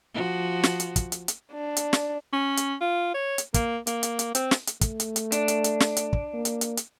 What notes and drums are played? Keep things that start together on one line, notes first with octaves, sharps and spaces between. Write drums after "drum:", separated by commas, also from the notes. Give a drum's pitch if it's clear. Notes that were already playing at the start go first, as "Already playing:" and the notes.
F3 F#4
drum: snare
drum: hi-hat
drum: kick, hi-hat
drum: hi-hat
drum: hi-hat
D4
drum: hi-hat
drum: snare
C#4
drum: hi-hat
F4
C#5
drum: hi-hat
A#3, drum: kick, hi-hat
A#3, drum: hi-hat
drum: hi-hat
drum: hi-hat
C4, drum: hi-hat
drum: snare
drum: hi-hat
A3, drum: kick, hi-hat
drum: hi-hat
drum: hi-hat
D4, drum: hi-hat
drum: hi-hat
drum: hi-hat
drum: snare
drum: hi-hat
drum: kick
A#3
drum: hi-hat
drum: hi-hat
drum: hi-hat